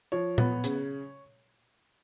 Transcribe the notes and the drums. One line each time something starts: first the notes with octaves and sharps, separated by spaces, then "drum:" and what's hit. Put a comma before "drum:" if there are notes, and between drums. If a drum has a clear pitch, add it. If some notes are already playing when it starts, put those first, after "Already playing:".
F3 C#5
B3, drum: tom A#2
C#3, drum: hi-hat